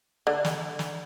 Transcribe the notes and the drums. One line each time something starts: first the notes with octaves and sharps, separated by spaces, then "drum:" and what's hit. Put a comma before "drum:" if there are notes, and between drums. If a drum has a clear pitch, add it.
D3
drum: snare
drum: snare